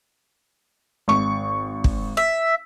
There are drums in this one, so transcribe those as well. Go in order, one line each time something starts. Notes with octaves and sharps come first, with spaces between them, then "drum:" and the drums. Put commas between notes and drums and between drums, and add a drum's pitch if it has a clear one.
G#1 C#6
drum: kick
E5